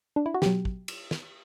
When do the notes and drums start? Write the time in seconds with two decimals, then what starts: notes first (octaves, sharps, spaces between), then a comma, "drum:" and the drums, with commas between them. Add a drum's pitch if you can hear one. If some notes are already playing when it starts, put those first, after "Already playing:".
0.16 D4
0.26 E4
0.34 F#4
0.42 B2 F#3 G4, drum: snare
0.65 drum: kick
0.88 drum: cymbal
1.11 drum: snare